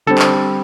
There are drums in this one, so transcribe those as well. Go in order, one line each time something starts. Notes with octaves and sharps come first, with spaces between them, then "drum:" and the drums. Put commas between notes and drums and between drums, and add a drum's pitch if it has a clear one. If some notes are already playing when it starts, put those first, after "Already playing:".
D3 G3 C4 A4
drum: clap